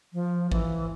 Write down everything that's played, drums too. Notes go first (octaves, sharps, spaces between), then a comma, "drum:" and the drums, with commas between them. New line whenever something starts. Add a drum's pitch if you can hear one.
F3
E3, drum: kick A1